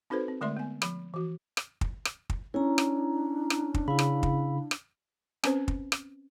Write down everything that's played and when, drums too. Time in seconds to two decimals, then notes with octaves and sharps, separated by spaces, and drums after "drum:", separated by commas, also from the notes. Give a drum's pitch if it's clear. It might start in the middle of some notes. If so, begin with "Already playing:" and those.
0.10 C4 D#4 F#4 A4 B4 C5
0.28 C4
0.41 D3 G#3 A3 D5 E5 C6
0.57 B3 G#5
0.82 F3 B5, drum: rim click
1.14 E3 F#4
1.57 drum: rim click
1.81 drum: kick
2.05 drum: rim click
2.30 drum: kick
2.54 C#4 D4 E4 A#5
2.78 drum: rim click
3.50 drum: rim click
3.74 drum: kick
3.88 C#3 E4 F5 B5
3.99 drum: rim click
4.23 drum: kick
4.71 drum: rim click
5.44 C4 C#4 B4 C5, drum: rim click
5.68 drum: kick
5.92 drum: rim click